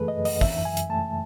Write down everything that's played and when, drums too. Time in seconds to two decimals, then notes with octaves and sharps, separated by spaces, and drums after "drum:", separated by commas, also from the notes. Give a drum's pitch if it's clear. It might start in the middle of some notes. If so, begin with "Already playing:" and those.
Already playing: F#2 E3 A3 G#4 A4 B4
0.08 D#5
0.17 F#2
0.25 D#5, drum: open hi-hat
0.41 E3 E5, drum: kick
0.65 F#2 G#5
0.77 drum: hi-hat
0.89 A3 A5